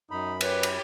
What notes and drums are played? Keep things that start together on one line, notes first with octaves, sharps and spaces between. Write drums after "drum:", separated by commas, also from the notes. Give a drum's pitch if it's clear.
F#2 D#4 B5
G4 B4 C#5, drum: cymbal
drum: cymbal